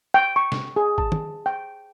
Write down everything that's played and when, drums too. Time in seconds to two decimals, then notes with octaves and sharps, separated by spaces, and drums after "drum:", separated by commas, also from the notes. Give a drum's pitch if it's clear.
0.14 G5
0.36 C#6
0.52 drum: snare
0.76 G#4
0.98 A5, drum: kick G#1
1.12 drum: tom
1.46 G5